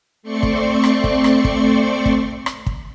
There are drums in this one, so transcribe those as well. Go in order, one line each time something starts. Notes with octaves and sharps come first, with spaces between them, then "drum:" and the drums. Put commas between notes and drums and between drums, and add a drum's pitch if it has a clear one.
A3 C4 C5 D5 C#6 C#7
drum: kick
drum: rim click
drum: kick
drum: rim click
drum: kick
drum: kick
drum: rim click
drum: kick